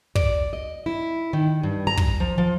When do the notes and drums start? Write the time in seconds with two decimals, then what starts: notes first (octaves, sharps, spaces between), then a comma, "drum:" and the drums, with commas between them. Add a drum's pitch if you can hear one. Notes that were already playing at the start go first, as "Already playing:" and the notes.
0.15 D5, drum: kick
0.53 D#5
0.86 E4
1.33 D#3
1.63 G2
1.87 A#5
1.97 drum: kick
2.20 F3
2.38 F3